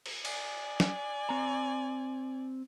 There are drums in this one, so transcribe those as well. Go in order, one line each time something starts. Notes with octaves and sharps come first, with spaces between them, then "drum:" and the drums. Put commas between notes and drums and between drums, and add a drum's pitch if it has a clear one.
drum: cymbal
D5 G#5, drum: cymbal
drum: snare
C4 A#5